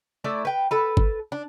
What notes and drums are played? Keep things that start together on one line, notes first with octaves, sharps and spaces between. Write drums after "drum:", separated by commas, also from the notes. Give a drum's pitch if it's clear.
A3 E4 D5
B4 G5
A4 B4
drum: kick
D4